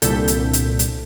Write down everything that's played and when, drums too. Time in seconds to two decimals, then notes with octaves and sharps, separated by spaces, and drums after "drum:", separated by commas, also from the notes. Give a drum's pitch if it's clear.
0.02 C2 A#2 D3 A4 G6 B6, drum: hi-hat
0.28 drum: hi-hat
0.53 drum: hi-hat
0.79 drum: hi-hat